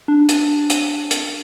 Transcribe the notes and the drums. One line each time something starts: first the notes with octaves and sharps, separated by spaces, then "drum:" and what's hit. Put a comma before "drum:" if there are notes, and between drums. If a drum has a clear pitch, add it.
D4
drum: hi-hat
drum: hi-hat
drum: hi-hat